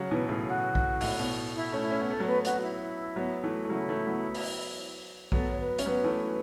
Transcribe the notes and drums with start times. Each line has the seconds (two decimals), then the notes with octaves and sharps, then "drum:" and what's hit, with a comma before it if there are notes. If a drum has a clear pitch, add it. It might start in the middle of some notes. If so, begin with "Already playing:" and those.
Already playing: C#3 F#3
0.11 B2 E3 B4
0.29 A2 C#3
0.48 F#4
0.75 drum: kick
1.01 A2, drum: open hi-hat
1.19 B2
1.55 E4
1.72 A3 C#4
1.82 E4
1.91 C#4
2.00 B3
2.09 A3 A4
2.20 F#3 B3
2.26 B4
2.45 F#4, drum: hi-hat
2.62 E4
3.16 F#3 B3
3.43 E3 A3
3.65 A3
3.70 C#3 F#3 E4
3.89 E3 A3
4.06 F#3 B3
4.34 drum: open hi-hat
5.32 F#3 B3 A4, drum: kick
5.51 C#5
5.60 B4
5.79 C#4, drum: hi-hat
5.86 F#3 B3 B4
6.04 E3 A3